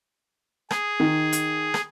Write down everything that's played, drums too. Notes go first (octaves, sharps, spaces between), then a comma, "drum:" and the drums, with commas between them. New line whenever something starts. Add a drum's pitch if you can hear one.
G#4, drum: rim click
D#3
drum: hi-hat
drum: rim click